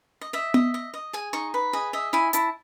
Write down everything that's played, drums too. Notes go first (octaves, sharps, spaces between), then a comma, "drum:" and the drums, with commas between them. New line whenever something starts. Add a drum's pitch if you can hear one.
D#5
D#5 E5
D#5, drum: tom B3
D#5
D#5
G#4 G#5
D#4 C#6
B4
G#4 D#5
D#5 E5
E4 G#5
E4 A5, drum: hi-hat